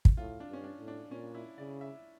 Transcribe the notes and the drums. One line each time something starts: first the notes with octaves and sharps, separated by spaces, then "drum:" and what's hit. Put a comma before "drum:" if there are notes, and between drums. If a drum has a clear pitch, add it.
drum: kick
A2 F4
D4
G2 C#4
D4
A2
D4
A#2 C#4
E4
C#3 D5
E5